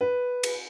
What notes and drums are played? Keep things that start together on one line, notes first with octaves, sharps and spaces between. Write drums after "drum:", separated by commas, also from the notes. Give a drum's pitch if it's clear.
B4
drum: cymbal